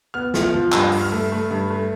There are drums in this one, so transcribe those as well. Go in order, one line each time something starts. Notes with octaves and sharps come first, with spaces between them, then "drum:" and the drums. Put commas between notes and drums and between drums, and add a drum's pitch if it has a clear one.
B3 F6
F3, drum: snare
F6
F3
G2 E6, drum: clap
G2, drum: open hi-hat
F6
A3
A3
G2
A3